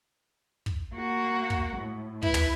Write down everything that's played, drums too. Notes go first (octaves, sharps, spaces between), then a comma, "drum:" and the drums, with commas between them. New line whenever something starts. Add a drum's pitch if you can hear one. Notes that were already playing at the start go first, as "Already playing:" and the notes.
drum: kick
A#3 F#4
drum: kick
A2
E4 B4, drum: kick
drum: tom